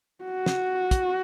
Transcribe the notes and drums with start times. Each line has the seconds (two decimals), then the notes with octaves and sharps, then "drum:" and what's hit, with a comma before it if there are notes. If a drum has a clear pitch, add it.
0.24 F#4
0.46 drum: snare
0.91 drum: kick, hi-hat